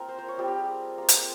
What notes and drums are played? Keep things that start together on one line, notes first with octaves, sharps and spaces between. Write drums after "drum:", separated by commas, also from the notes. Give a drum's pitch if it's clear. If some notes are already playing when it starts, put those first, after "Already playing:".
Already playing: A#3 C4 F4 A#4 G5
C5
C5
C#5
G3 C4 F4 G4
G4
G#4
A#3 F4
drum: hi-hat